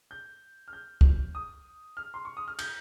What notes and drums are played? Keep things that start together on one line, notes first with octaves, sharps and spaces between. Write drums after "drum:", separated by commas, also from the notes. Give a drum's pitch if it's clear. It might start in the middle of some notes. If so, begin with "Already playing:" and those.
G6
F6
G6
drum: kick
D#6
F6
C6
C#6
D#6
F6
G6, drum: cymbal